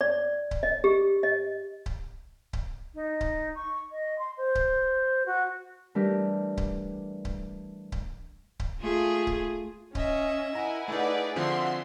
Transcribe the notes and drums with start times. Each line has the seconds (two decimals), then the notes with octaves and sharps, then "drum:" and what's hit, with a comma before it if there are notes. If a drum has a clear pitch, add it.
0.01 D5
0.51 drum: kick C#1
0.63 D#5
0.84 G4
1.23 D#5
1.86 drum: kick C#1
2.53 drum: kick C#1
2.95 D#4
3.21 drum: kick C#1
3.55 C#6
3.91 D#5
4.19 C6
4.37 C5
4.55 drum: kick C#1
5.26 F#4
5.95 E3 G3 A3 D4 G4 A#4
6.57 drum: kick C#1
7.25 drum: kick C#1
7.92 drum: kick C#1
8.60 drum: kick C#1
8.80 A3 F4 G#4
9.27 drum: kick C#1
9.95 C#4 D#5 E5, drum: kick C#1
10.55 E4 A#4 F#5 G#5 A#5
10.88 A3 D#4 G#4 B4 D5
11.36 D3 F3 C4 F#4 E5 C6